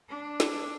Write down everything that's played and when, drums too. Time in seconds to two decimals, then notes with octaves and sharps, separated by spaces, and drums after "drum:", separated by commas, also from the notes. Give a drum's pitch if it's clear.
0.09 D4
0.40 drum: snare